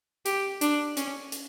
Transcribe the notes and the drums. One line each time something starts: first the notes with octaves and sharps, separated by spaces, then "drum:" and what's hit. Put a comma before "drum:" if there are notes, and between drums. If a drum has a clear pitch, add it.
G4, drum: hi-hat
D4, drum: hi-hat
C#4, drum: hi-hat
drum: hi-hat